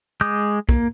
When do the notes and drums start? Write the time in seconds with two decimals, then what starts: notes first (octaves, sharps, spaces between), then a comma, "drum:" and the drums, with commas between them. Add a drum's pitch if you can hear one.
0.21 G#3 D6 D#6 G6
0.69 A#3, drum: kick